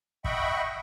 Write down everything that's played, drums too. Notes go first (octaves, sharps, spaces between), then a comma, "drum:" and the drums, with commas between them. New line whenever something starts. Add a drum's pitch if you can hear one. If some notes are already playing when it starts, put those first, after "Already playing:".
D#5 E5 F#5 G5 B5 C#6, drum: kick